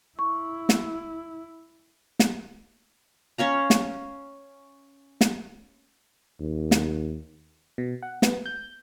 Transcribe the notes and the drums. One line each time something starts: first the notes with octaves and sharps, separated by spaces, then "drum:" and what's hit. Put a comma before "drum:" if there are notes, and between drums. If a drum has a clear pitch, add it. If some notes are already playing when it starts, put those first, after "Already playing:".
E4 C#6
drum: snare
drum: snare
C#4 C#5 F5 A#5
drum: snare
drum: snare
D#2
drum: snare
B2
F#5
B3, drum: snare
G6